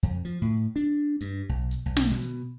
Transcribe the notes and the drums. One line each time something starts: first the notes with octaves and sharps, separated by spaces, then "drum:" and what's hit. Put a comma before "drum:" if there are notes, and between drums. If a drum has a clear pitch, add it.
F2
F3
A2
D4
G2, drum: hi-hat
B1
drum: hi-hat
B1
drum: snare
B2
drum: hi-hat